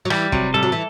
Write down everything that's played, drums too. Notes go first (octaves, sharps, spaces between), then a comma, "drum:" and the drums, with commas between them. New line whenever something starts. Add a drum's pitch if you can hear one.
F#3
E3 G3, drum: rim click
C3 F#3, drum: kick
G3 A4
F#3
E3